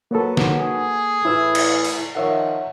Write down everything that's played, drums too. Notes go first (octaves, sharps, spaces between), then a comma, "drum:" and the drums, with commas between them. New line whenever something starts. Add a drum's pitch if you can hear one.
F#3 A#3 B3 A4
drum: snare
G#4
A2 E3 E4 E6
drum: cymbal
drum: open hi-hat
D#3 F3 C#5 E5 F#5